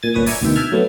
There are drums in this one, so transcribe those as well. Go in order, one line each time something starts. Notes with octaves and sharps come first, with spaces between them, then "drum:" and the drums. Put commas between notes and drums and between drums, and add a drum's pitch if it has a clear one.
A#2 G#5 A6
G1 A#2 B4 C#5 G#5 D#6
D5 E5 G#5 A#5 C#6, drum: open hi-hat
D2 B2 D#3 E5 G5
E5 G5 A5 F6 G#6
F#3 A3 B3